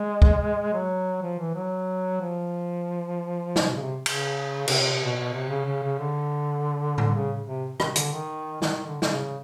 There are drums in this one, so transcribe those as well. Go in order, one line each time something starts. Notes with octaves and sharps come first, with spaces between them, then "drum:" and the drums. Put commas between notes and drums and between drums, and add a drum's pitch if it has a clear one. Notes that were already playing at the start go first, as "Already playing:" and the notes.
Already playing: G#3
drum: kick C#2
F#3
F3
E3
F#3
F3
drum: snare
B2
C#3
C3
C#3, drum: cymbal
C3, drum: cymbal
C3
C3
B2
B2
C3
C#3
C#3
C#3
D3
drum: tom A2
C#3
C3
D#3, drum: rim click
D3, drum: hi-hat
D#3
D#3, drum: snare
D3
D3, drum: snare
C#3